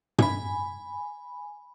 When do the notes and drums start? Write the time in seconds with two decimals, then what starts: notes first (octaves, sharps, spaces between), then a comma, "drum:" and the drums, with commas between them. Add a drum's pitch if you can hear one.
0.18 G#5 B5, drum: tom